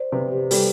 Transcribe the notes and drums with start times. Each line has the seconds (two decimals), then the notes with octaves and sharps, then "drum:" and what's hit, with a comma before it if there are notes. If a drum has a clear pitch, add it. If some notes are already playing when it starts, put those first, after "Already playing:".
Already playing: C5 D5
0.12 C3 B4
0.32 G4
0.51 G3 A4, drum: open hi-hat